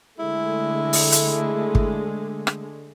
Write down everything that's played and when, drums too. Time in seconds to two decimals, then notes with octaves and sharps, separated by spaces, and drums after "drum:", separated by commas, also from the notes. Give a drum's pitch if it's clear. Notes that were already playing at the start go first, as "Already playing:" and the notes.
0.19 D3 G#3 A3 E4
0.93 drum: open hi-hat
1.12 drum: hi-hat
1.75 drum: kick
2.47 drum: rim click